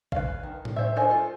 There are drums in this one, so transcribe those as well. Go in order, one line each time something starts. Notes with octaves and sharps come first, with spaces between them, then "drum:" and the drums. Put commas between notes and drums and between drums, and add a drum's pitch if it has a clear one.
B4 F5, drum: kick A#1
D#3
drum: tom A2
G4 C5 E5
A4 A#4 C5 D#5 G#5
F4 A4